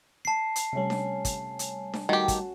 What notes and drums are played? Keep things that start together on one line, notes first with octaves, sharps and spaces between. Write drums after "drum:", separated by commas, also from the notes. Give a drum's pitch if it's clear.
A5 C7
drum: hi-hat
C3 G3 A3 C#4
drum: snare D4
drum: kick, hi-hat
drum: hi-hat
drum: snare D4
D#3 G3 A3 F#4 G4 A5
drum: kick, hi-hat